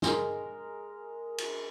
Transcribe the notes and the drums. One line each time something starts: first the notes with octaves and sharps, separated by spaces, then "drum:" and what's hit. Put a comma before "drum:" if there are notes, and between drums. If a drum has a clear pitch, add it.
G#3 A#4, drum: snare
drum: cymbal